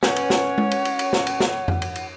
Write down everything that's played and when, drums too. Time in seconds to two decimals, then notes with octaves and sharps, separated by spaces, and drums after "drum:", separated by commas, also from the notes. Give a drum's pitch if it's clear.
0.03 C#4 B4 C#5 F#5 G6, drum: snare
0.16 drum: cymbal
0.30 drum: snare
0.58 drum: tom G#3
0.72 drum: cymbal
0.85 drum: cymbal
0.99 drum: cymbal
1.13 drum: snare
1.27 drum: cymbal
1.40 drum: snare
1.68 drum: tom F2
1.82 drum: cymbal
1.96 drum: cymbal